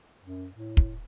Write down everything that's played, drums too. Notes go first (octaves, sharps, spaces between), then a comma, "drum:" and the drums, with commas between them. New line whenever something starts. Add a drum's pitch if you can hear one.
F#2
A2
drum: kick